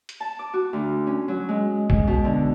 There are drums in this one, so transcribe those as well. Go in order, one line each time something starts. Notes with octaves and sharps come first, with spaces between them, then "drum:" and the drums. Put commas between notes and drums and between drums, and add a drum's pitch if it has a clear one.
drum: hi-hat
A5
D6
F#4
D2
C#4
F#3
G#3
G#3, drum: kick A#1
B2
D3